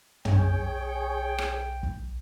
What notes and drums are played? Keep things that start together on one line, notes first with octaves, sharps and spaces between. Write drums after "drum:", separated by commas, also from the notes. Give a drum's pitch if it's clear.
B1 G#4 C#5 G5, drum: tom
drum: rim click
drum: kick